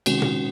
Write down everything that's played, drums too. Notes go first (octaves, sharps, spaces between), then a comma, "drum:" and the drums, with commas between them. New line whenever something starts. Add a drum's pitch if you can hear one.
C3 D#3 G#3 C#4 F#4, drum: cymbal
drum: tom A#2